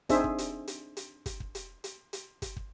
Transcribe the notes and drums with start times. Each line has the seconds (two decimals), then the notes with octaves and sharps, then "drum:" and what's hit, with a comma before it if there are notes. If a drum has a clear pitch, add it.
0.09 C4 D4 D#4 G#4 C5 E5, drum: kick, hi-hat
0.24 drum: kick
0.38 drum: hi-hat
0.68 drum: hi-hat
0.97 drum: hi-hat
1.26 drum: kick, hi-hat
1.40 drum: kick
1.55 drum: hi-hat
1.84 drum: hi-hat
2.13 drum: hi-hat
2.42 drum: kick, hi-hat
2.56 drum: kick